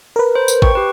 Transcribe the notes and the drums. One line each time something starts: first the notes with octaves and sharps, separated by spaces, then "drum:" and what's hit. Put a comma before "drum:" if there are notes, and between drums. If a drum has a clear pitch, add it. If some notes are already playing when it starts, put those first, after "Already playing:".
A#4 B4
C5
drum: tambourine
G5 C#6, drum: kick A1
G4 B4